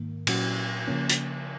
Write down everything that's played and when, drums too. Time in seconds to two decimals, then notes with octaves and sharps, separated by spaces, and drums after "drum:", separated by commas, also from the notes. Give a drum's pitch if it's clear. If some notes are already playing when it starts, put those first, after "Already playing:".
Already playing: G#2 D#3 A#3
0.27 A#2 F#3 C#4 F#4, drum: cymbal
0.87 C#3 F3 A#3 C#4
1.09 drum: hi-hat